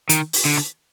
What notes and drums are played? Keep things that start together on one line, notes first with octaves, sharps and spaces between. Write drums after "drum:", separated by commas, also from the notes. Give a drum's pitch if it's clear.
D#3, drum: hi-hat
drum: open hi-hat
D3
drum: rim click